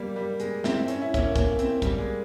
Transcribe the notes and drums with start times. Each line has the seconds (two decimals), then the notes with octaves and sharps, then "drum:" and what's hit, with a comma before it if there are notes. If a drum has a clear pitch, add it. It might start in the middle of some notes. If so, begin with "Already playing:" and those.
Already playing: G3 A#3
0.16 G3
0.40 G#3, drum: hi-hat
0.64 C4 E4, drum: snare
0.88 C#4, drum: hi-hat
1.02 E4
1.14 A#3 C#4, drum: kick, hi-hat
1.36 A#3 C#4, drum: kick, hi-hat
1.59 C4 E4, drum: hi-hat
1.82 G3 A#3, drum: kick, hi-hat
1.98 G#3